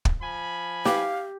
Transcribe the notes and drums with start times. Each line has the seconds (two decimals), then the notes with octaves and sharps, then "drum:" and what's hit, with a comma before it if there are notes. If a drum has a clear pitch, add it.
0.05 drum: kick
0.22 F3 G#5 B5
0.85 G4 F5, drum: snare